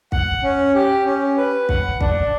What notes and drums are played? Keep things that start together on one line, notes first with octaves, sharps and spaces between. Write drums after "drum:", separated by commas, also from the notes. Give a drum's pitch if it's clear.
F#5, drum: kick
C#4
G4
C#4
B4
F#5, drum: kick
D4, drum: kick